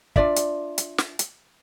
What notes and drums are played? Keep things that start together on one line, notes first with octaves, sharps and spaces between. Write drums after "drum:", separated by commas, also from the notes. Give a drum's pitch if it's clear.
D4 F4 D5 E5, drum: kick
drum: hi-hat
drum: hi-hat
drum: snare
drum: hi-hat